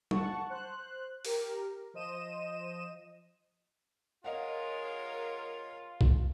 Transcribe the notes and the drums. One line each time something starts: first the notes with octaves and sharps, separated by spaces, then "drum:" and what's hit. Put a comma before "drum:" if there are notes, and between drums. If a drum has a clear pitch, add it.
F#5 A5 C#6, drum: tom
C5 F#6
G4 A#4, drum: open hi-hat
F3 C5 D#5 D#7 E7
G#3 F4 A#4 C#5 D#5 F5 F#5
drum: kick